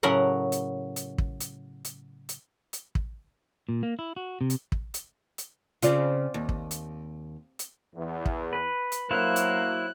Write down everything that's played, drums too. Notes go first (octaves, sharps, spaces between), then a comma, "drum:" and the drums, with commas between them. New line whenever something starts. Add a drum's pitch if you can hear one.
A2 C#3 F#3 A#4 F#5
drum: hi-hat
drum: hi-hat
drum: kick
drum: hi-hat
drum: hi-hat
drum: hi-hat
drum: hi-hat
drum: kick
A#2
A#3
E4
F#4
C3
drum: hi-hat
drum: kick
drum: hi-hat
drum: hi-hat
C#3 C4 F4 D5, drum: hi-hat
D#2
drum: kick
drum: hi-hat
drum: hi-hat
E2
drum: kick
B4
drum: hi-hat
F#3 A#3 E4 C5 F5 F#6
drum: hi-hat